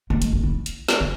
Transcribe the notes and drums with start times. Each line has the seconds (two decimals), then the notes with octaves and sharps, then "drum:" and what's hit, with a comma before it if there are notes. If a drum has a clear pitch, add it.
0.10 A#3
0.22 G#3, drum: hi-hat
0.33 A#3
0.43 E4
0.66 drum: hi-hat
0.88 drum: snare
1.01 E4